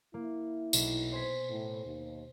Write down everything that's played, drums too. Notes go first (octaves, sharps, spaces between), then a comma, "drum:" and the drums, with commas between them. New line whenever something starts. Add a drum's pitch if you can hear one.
A#3 E4
B1 E7, drum: tambourine
C5 G#5 B6
A2
D#2